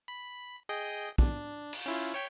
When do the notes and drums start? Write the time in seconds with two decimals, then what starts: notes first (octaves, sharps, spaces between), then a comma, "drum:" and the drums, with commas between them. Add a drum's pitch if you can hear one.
0.08 B5
0.69 G#4 D#5 G5
1.18 D4, drum: kick
1.73 drum: cymbal
1.86 C#4 E4 F4
2.14 C#5 G5 B6